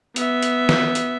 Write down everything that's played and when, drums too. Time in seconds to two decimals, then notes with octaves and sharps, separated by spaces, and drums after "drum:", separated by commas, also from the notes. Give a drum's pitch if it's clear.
0.16 B3 E5, drum: hi-hat
0.43 drum: hi-hat
0.69 drum: snare
0.95 drum: hi-hat